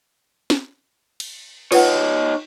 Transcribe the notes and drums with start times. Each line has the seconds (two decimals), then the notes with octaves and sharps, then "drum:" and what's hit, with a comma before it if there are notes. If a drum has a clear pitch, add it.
0.50 drum: snare
1.20 drum: cymbal
1.72 D#4 F4 B4 C#5 F#5, drum: cymbal